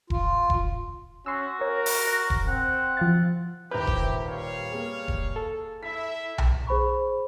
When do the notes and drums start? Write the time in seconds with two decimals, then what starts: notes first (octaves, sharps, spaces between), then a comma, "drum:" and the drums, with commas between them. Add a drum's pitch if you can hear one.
0.10 F4, drum: kick E1
0.50 drum: kick E1
1.26 C#4 F#4 C6 E6
1.61 A#4 C#5
1.86 drum: open hi-hat
2.04 F#4
2.30 drum: kick E1
2.47 C4 F#5
2.97 F3 F5 A6
3.71 D#1 E4 G4 B4 C5 A#5 G6
3.87 drum: kick E1
4.26 G3 C#5 F5
4.71 A#3 G#4
5.08 drum: kick E1
5.36 A4
5.83 E4 E5 B6
6.38 drum: tom B1
6.67 G#4 C5 B5 C#6